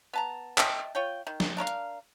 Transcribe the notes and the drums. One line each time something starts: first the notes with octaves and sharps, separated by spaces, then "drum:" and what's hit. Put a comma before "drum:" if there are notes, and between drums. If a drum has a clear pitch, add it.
B3 A5 A#5
D#5 E5 G5 A5, drum: clap
F4 C#5 G5
D#3
drum: snare
D4 A#4 C#5 F5
drum: hi-hat